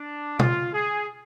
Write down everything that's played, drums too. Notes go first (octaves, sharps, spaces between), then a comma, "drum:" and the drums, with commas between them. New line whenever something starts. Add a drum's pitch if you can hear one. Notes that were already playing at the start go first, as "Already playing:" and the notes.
Already playing: D4
F4, drum: tom B2
G#4